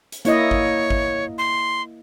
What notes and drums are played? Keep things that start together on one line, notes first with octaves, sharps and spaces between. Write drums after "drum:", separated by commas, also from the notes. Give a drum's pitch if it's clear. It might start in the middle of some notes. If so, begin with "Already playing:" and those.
drum: hi-hat
A#3 E4 C#5 D#5, drum: hi-hat
drum: kick G#1
drum: kick G#1
C6